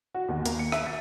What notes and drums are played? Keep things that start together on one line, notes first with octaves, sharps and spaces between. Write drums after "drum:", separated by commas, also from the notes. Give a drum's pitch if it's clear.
F#4
D#2
A#3, drum: hi-hat
C#7
E5, drum: rim click
A6